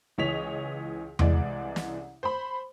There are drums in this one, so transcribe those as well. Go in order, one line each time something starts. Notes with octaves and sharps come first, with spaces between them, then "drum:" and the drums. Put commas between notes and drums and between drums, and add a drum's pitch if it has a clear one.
C#2 E3 C#5 D#5 B6 F7
C2 E3 G#3 D5, drum: tom E2
drum: snare
C5 B5